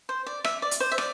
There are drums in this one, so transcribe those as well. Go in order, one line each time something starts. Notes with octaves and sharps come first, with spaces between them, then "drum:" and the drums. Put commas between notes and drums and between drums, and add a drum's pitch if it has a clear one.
C5
D5
E5, drum: rim click
D5
drum: hi-hat
C5
E5
D5, drum: rim click